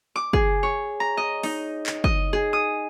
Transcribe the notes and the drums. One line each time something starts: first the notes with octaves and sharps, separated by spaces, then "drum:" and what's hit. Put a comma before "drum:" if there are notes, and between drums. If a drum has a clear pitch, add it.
D6
G#4, drum: kick
C#5
A#5
D#5
D#4, drum: open hi-hat
drum: clap
D#5, drum: kick
G#4
D#6